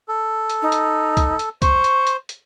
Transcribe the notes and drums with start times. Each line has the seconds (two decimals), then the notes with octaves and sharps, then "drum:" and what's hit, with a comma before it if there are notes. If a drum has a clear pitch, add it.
0.08 A4
0.50 drum: hi-hat
0.62 D#4
0.72 drum: hi-hat
1.17 drum: kick C2, hi-hat
1.39 drum: hi-hat
1.62 C5 C#6, drum: kick C2, hi-hat
1.84 drum: hi-hat
2.07 drum: hi-hat
2.29 drum: hi-hat